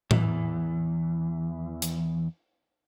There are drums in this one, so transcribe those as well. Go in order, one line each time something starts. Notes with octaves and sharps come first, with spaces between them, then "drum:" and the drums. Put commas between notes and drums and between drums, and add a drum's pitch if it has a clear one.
E2 E3, drum: tom A2
drum: hi-hat